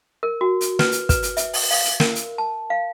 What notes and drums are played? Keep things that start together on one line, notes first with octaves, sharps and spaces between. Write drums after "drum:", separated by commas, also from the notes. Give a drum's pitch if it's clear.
A#4
F#4
drum: hi-hat
B4, drum: snare
drum: hi-hat
B4, drum: kick, hi-hat
drum: hi-hat
E5, drum: hi-hat
drum: open hi-hat
F5, drum: open hi-hat
drum: hi-hat
A#4, drum: snare
drum: hi-hat
A5
F5